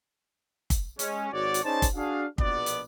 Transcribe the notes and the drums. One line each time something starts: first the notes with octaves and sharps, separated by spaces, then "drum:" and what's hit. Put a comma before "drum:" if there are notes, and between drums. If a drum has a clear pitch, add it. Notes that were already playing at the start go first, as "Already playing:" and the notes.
drum: kick, hi-hat
G#3 C#4, drum: hi-hat
G#1 F#4 C#5 D5
drum: hi-hat
C#4 D#4 G#4 C5 D5 A5
drum: kick, hi-hat
D4 F#4 G#4 F5
A#1 B2 B3 D5, drum: kick
drum: hi-hat